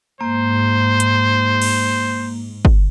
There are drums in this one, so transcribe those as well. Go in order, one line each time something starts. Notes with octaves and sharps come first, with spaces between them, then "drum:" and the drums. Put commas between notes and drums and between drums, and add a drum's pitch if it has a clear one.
G#2 A#3 C5
drum: hi-hat
drum: cymbal
drum: kick